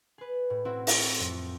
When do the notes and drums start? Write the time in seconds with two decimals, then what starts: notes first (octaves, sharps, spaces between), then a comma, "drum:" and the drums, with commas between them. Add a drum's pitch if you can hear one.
0.18 G#4 B4
0.50 A2
0.65 C4 E4 F#4
0.87 E4, drum: open hi-hat
1.20 F2